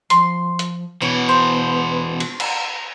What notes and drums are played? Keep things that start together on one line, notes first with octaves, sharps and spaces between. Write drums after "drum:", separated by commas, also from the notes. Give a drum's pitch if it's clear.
F3 C6, drum: hi-hat
drum: hi-hat
B2 E3 B3 C#5
C5
drum: cymbal
drum: cymbal